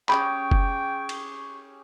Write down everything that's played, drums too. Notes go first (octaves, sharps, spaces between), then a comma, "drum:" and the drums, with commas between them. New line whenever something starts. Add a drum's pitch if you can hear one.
C#4 G4 G#4 G5 B5 C#6, drum: clap
drum: kick F#1
drum: cymbal